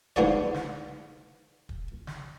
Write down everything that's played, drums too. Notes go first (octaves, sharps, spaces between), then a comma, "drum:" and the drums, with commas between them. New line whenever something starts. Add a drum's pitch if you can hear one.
G#2 D3 F3 B3 G#4 D5, drum: kick
drum: snare
drum: kick
drum: snare